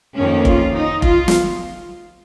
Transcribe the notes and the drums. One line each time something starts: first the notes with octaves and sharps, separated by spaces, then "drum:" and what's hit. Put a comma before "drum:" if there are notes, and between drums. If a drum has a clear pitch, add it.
F2 D#3 A#3 C#4
F4, drum: kick F1
D#4
F4, drum: kick F1
drum: snare